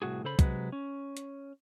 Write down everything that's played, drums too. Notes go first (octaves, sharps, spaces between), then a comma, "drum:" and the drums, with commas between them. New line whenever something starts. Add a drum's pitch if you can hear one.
C2 A2 F#4 G#4
C#3 A4 C5 B5
C3 F#3 G#3 B4, drum: kick, hi-hat
C#4
drum: hi-hat